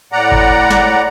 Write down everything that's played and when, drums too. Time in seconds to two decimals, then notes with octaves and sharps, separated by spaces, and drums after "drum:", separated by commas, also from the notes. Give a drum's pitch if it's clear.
0.12 A2 D5 F#5 A#5
0.32 drum: kick G1
0.70 drum: snare